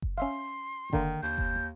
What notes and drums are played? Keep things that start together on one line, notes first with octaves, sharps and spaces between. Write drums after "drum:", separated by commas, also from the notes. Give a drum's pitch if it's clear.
drum: kick F#1
C#4 E5 F5 C6
D3 D#3 A#3, drum: kick F#1
D#2 G6
drum: kick F#1